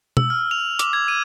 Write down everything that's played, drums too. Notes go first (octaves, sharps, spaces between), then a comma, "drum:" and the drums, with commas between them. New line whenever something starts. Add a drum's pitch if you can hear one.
E6, drum: tom B2
F6
F7
D6, drum: hi-hat
G#6
D#7